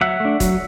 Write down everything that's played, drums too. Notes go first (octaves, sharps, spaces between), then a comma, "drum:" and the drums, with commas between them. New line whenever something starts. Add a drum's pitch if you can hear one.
F#3 E5 F#5
A3
D4
F#3, drum: kick E1, hi-hat